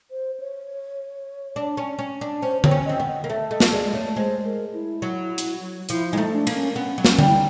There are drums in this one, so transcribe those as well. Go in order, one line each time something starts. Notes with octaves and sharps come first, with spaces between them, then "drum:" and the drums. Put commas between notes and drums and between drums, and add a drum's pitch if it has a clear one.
C5
C#5
D4
C#4
C#4
D4
C#4 C5
C4 C#5, drum: tom D3
C#4
C4 D#5
B3
D#5
A#3
A3 E5
A3 D#5
drum: snare
G#3 D5
A3 C#5
G#3 C5
A#4
E4
F#3
drum: hi-hat
F3 E4, drum: hi-hat
G#3 D#4
A3
D4
A#3, drum: cymbal
C#4
B3 C#4
F#3
C#4, drum: snare
G3, drum: tom D3
E4
D#4